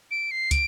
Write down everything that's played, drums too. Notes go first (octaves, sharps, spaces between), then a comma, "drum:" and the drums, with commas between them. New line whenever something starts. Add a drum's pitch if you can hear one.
D7
C7
D7, drum: kick, hi-hat